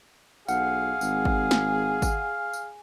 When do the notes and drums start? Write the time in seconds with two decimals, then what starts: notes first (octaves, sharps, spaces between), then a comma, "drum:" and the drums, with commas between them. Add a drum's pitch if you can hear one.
0.48 B1 G#4 F5 F#5, drum: tambourine
1.01 G#1, drum: tambourine
1.25 drum: kick
1.51 drum: snare
2.02 drum: kick, tambourine
2.53 drum: tambourine